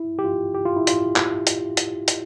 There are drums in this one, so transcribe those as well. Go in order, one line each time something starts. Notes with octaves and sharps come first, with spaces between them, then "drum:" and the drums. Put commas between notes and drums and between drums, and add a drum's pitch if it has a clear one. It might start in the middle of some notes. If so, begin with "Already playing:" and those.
Already playing: E4
G4
F4
G4
F4
E4
F4, drum: hi-hat
drum: clap
drum: hi-hat
drum: hi-hat
drum: hi-hat